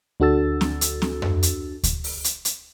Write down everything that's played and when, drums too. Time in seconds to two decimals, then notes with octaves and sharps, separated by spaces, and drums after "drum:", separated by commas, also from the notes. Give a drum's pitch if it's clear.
0.20 D2 D4 F#4 A4 E6 A6
0.61 drum: snare C4
0.81 drum: hi-hat
1.02 drum: snare C4
1.22 drum: tom F2
1.43 drum: hi-hat
1.83 drum: kick D2, hi-hat
2.04 drum: open hi-hat
2.24 drum: hi-hat
2.45 drum: hi-hat